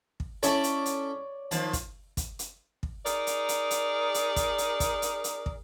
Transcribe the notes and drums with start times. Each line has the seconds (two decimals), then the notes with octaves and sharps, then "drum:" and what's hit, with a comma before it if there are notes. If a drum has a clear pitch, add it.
0.20 drum: kick
0.43 C#4 E4 A4 C#5 D5, drum: hi-hat
0.64 drum: hi-hat
0.86 drum: hi-hat
1.51 D#3 F3 A5, drum: hi-hat
1.73 drum: kick, hi-hat
2.17 drum: kick, hi-hat
2.39 drum: hi-hat
2.83 drum: kick
3.06 D#4 G#4 A#4 D5, drum: hi-hat
3.27 drum: hi-hat
3.49 drum: hi-hat
3.71 drum: hi-hat
4.14 drum: hi-hat
4.36 drum: kick, hi-hat
4.58 drum: hi-hat
4.80 drum: kick, hi-hat
5.02 drum: hi-hat
5.24 drum: hi-hat
5.46 drum: kick